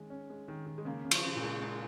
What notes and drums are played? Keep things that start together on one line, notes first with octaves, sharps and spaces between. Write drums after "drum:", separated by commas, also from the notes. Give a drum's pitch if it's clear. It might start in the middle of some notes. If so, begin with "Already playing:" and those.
Already playing: D#3 G#3 C#4
C#4
G#3
D#3
D#3
G#3
C#3 A#3
C#3
F3, drum: cymbal
C#3
A#2
G#3
G#3